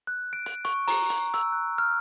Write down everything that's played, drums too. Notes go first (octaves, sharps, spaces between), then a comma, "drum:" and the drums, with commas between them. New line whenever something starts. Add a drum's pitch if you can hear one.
F#6
D7
drum: hi-hat
C#6, drum: hi-hat
A#5, drum: open hi-hat
drum: hi-hat
E6, drum: hi-hat
F#6
F6